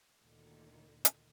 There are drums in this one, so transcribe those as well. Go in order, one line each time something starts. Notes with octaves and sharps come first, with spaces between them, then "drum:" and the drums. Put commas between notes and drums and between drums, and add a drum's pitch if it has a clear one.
D2 A#2 D3 D#3
drum: hi-hat